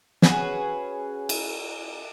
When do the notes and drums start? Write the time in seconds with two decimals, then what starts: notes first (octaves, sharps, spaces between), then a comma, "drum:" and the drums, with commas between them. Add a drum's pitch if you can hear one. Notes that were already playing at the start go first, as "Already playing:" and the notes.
0.22 C#4 F#4 G#4 B4, drum: snare
1.29 drum: cymbal